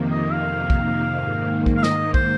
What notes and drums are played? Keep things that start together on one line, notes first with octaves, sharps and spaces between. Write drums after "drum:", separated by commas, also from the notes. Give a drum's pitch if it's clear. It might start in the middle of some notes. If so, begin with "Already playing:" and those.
Already playing: F2 C3 D#3 A#3
D#5
F5
drum: kick
G#2 D#3 A#3
drum: kick
F5
D#5, drum: snare
C5, drum: kick